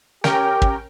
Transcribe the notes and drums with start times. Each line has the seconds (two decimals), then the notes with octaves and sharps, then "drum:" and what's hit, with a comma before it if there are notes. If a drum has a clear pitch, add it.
0.24 C#4 G4 A#4 G5, drum: snare
0.62 drum: kick